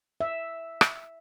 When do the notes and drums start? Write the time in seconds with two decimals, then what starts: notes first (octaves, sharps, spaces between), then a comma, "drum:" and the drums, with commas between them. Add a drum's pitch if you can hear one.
0.20 E5
0.81 drum: rim click